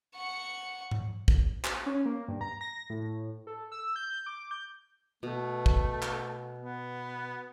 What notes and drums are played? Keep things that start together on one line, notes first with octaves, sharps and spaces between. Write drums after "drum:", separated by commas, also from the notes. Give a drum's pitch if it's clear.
F#5 C#6
drum: tom G#2
drum: kick
drum: clap
C#4
A#3
G2
A#5
A#6
A2
A4
E6
G6
D6
G6
B2 A3
drum: kick
drum: clap
B3